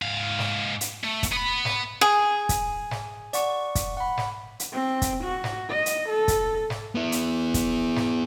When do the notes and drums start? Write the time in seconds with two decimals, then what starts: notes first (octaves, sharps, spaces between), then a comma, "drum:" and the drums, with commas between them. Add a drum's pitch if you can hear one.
0.02 G#2 F5
0.39 drum: snare
0.81 drum: hi-hat
1.04 A3
1.23 drum: kick, hi-hat
1.33 B3 B5
1.65 drum: snare
2.01 G#4
2.49 drum: kick, hi-hat
2.91 drum: snare
3.33 D5 F#5 C#6, drum: hi-hat
3.75 drum: kick, hi-hat
3.97 F#5 B5
4.17 drum: snare
4.60 drum: hi-hat
4.73 C4
5.02 drum: kick, hi-hat
5.24 F#4
5.44 drum: snare
5.70 D#5
5.86 drum: hi-hat
6.09 A4
6.28 drum: kick, hi-hat
6.70 drum: snare
6.95 B3 E4
7.12 drum: hi-hat
7.54 drum: kick, hi-hat
7.96 drum: snare